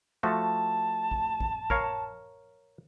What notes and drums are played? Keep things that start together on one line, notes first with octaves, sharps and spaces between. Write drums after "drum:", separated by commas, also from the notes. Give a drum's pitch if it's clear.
F3 A3 F#4 A5
drum: kick A1
drum: kick A1
A#4 C#5 F5, drum: kick A1